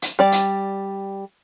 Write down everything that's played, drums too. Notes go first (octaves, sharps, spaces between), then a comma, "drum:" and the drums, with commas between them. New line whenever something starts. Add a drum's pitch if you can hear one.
drum: hi-hat
G3 D5
drum: hi-hat